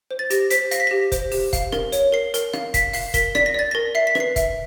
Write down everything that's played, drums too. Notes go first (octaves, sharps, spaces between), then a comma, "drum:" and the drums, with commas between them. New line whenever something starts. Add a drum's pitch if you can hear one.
C5
A6
G4 A#6, drum: hi-hat
C5 B6, drum: hi-hat
F5 A#6, drum: hi-hat
B6
G4 A#6
C5, drum: kick, hi-hat
G4, drum: open hi-hat
F5, drum: kick, hi-hat
A#4, drum: rim click
C#5, drum: hi-hat
A#4 C7
A#4, drum: hi-hat
F5, drum: rim click
F5 B6, drum: kick, hi-hat
F5 C7, drum: open hi-hat
A#4 B6, drum: kick, hi-hat
D5 B6, drum: rim click
A#6
D5 A6
A#4 A#6
E5 C7
B6
B4, drum: rim click
C7
E5, drum: kick, hi-hat